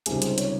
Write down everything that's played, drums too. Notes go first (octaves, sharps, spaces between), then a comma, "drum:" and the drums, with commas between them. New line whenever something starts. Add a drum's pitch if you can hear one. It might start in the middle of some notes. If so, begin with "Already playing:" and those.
C#2 C3 D#3 G3 G#4, drum: hi-hat
C5, drum: hi-hat
C#5, drum: hi-hat